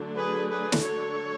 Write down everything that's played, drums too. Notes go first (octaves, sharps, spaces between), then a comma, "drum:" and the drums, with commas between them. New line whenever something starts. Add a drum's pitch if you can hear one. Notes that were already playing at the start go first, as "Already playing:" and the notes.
Already playing: D3 F#3 A3 D4
G#4 B4
G#4 B4
drum: snare
A4 C#5